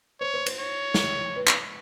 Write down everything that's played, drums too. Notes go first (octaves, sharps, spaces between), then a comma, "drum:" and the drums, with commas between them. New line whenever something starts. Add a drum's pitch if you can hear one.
C5 C#5
C5
C5, drum: cymbal
C#5
drum: snare
B4
drum: clap